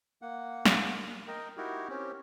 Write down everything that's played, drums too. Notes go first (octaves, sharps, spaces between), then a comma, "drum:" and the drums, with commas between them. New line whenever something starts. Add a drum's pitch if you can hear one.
A#3 F#5
drum: snare
A#4 D#5 G5
D#4 E4 F#4 G4 A#4
C4 C#4 G4